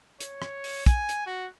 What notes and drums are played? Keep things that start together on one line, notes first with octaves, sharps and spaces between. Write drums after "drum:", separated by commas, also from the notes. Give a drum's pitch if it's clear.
C#5, drum: hi-hat
drum: rim click
drum: open hi-hat
G#5, drum: kick, hi-hat
drum: hi-hat
F#4